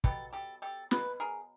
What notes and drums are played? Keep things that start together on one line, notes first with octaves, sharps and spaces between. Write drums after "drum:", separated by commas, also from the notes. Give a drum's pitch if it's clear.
B2 F#3 B3 G4 A4, drum: kick
G4 A4
G4 A4
B2 F#3 B3 B4, drum: snare
G#4 A#4